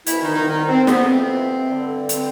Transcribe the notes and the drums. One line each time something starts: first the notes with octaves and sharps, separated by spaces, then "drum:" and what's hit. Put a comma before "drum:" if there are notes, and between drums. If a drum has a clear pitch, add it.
C2 B2 E3 E4, drum: hi-hat
D#3 D#4
D#3 D#4
D#3 D#4
C4
F2 C3 E3 B3, drum: snare
C4
G2 D3
C4, drum: hi-hat